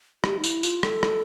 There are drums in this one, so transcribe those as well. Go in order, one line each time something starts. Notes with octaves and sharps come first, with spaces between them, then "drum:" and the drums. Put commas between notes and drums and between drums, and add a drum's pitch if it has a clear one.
G4, drum: rim click
D#4
E4, drum: tambourine
F4, drum: tambourine
A4, drum: rim click
drum: rim click